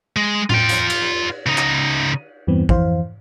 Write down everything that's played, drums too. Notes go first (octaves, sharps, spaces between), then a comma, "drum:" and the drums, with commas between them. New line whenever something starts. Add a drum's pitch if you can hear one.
G#3
F4 G5, drum: tom A2
drum: hi-hat
drum: cymbal
C#3 D#4
drum: clap
E2 G2 E3 B3 C4
F2 E3 C5 F5, drum: kick